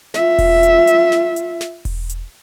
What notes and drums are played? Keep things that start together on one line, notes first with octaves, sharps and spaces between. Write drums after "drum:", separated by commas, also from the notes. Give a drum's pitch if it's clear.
F4 E5, drum: snare
drum: kick E1, open hi-hat
drum: hi-hat
drum: hi-hat
drum: snare
drum: hi-hat
drum: snare
drum: kick E1, open hi-hat
drum: hi-hat